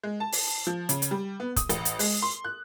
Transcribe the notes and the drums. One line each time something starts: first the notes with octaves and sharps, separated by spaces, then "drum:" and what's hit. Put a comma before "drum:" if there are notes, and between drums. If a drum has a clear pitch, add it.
G#3
A5
drum: open hi-hat
F3
C#3, drum: hi-hat
drum: hi-hat
G3
B3
D#6, drum: kick, hi-hat
A1, drum: hi-hat
drum: hi-hat
G#3, drum: open hi-hat
C6
F#6